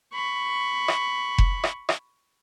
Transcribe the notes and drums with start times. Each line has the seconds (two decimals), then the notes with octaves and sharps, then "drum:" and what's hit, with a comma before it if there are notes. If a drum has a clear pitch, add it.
0.13 B5 C#6
0.88 drum: rim click
1.38 drum: kick F1
1.64 drum: rim click
1.89 drum: rim click